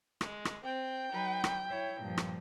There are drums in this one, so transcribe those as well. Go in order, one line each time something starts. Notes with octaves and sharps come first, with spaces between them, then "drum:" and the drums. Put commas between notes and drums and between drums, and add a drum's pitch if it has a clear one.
G#3, drum: rim click
drum: rim click
C4 G5
F#3 D#4 B4
drum: rim click
E4 C#5 E5
G2 A#2 F3
drum: rim click